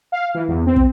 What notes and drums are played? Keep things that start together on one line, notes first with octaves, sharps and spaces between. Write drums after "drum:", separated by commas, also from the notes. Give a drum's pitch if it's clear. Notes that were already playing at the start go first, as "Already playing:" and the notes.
F5
E3
E2
C4
drum: kick